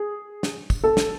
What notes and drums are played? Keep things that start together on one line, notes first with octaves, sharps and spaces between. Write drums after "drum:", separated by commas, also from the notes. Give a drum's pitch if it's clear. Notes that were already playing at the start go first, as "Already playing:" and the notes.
Already playing: G#4
drum: snare
drum: kick, tambourine
A4
drum: snare